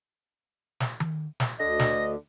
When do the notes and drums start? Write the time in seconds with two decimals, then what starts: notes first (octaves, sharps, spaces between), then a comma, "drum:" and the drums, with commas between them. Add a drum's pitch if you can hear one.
0.80 drum: snare
1.00 drum: tom D#3
1.40 drum: snare
1.60 D2 D3 D#5 A#6
1.79 drum: snare